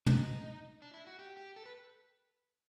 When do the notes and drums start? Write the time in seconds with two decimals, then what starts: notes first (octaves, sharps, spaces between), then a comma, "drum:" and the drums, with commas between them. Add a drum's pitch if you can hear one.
0.06 D#4, drum: tom
0.82 D4
0.94 E4
1.07 F#4
1.19 G4
1.37 G4
1.56 A4
1.66 B4